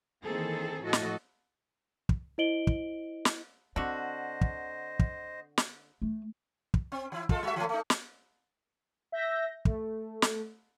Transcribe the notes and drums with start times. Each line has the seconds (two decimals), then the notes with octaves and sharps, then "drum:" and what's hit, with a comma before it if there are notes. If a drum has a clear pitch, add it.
0.23 D#3 E3 A#3 C4 G#4 A4
0.83 A2 F3 F#4 A4 D#5
0.93 drum: snare
2.09 drum: kick
2.38 E4 C5 D#5 D7 F#7 G7
2.67 drum: kick
3.25 drum: snare
3.76 D3 C4 F#4 C5 D#5
4.41 drum: kick
4.99 drum: kick
5.58 drum: snare
6.02 A3
6.74 drum: kick
6.92 C4
7.12 E3 E4
7.29 G#3 F4 A4, drum: kick
7.43 G3 F#4 E5
7.56 E3 F#3 A3
7.69 A3 D#4
7.90 drum: snare
9.12 E5 G6 A#6
9.65 A3, drum: kick
10.22 drum: snare